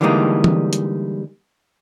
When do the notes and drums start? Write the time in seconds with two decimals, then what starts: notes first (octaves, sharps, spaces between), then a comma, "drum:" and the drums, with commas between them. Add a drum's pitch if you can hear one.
0.01 D3 E3 G3 G#3 A#3 D#4
0.44 drum: tom E3
0.73 drum: hi-hat